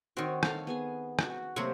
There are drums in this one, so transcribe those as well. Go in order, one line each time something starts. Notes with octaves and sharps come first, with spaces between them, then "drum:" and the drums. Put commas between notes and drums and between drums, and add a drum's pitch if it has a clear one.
D#3 C4 F#4 C#5
A4 C#5 F5, drum: rim click
B3 G#4 G#5
F#4 F#5, drum: rim click
C3 F#3 A3 A#3 C5